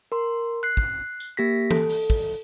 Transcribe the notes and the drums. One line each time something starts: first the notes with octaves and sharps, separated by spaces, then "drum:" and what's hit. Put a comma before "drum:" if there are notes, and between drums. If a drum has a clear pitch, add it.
A#4 C6
F#6 C7
drum: kick
drum: tambourine
A#3 G4 A#6 B6
A4, drum: tom E3
drum: open hi-hat
drum: kick